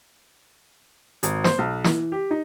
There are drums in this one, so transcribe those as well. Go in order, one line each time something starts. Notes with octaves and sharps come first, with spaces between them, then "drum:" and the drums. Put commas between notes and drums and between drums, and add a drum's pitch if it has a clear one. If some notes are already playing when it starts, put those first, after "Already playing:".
G#1, drum: hi-hat
C5, drum: snare
B1
E3, drum: snare
G4
D#4